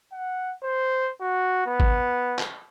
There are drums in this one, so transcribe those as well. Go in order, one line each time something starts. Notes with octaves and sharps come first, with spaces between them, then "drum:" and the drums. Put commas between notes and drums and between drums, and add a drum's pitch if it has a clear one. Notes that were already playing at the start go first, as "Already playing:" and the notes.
F#5
C5
F#4
B3
drum: kick
drum: clap